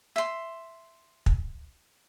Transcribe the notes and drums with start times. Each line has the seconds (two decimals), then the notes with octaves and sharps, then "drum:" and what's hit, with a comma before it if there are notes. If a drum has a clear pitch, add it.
0.16 E5 C6
1.26 drum: kick